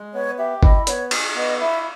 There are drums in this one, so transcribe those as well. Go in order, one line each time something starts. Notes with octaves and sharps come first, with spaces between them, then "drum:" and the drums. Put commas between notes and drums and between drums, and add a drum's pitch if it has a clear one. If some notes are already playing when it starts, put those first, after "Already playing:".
Already playing: G#3
B3 C#5
G4 E5
E4 D#5, drum: kick G1
B3 C#5, drum: hi-hat
G#4, drum: cymbal
B3 D#5
E4 E5